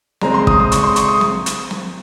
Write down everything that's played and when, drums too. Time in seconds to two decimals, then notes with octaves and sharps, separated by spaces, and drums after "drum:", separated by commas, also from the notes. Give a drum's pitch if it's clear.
0.21 C#3 G#3 C4 A#5, drum: snare
0.34 C6
0.47 D#6, drum: kick
0.60 D#6
0.72 C#6, drum: hi-hat
0.84 C6
0.96 C#6, drum: hi-hat
1.08 D#6
1.21 drum: snare
1.46 drum: hi-hat
1.71 drum: snare